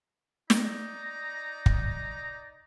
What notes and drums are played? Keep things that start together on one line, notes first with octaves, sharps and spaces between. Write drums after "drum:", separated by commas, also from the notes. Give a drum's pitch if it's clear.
D#4 D5 A#5, drum: snare
drum: kick